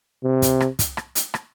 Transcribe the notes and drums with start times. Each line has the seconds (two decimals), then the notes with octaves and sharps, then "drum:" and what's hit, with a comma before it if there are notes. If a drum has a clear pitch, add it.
0.24 C3
0.42 drum: kick, hi-hat
0.60 drum: rim click
0.79 drum: kick, hi-hat
0.97 drum: rim click
1.15 drum: hi-hat
1.34 drum: rim click